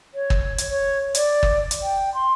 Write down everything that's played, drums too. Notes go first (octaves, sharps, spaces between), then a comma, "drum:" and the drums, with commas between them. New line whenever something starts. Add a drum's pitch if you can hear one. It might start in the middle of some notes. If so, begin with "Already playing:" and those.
C#5
drum: kick
drum: hi-hat
C#5
D5, drum: hi-hat
drum: kick
drum: hi-hat
G5
C6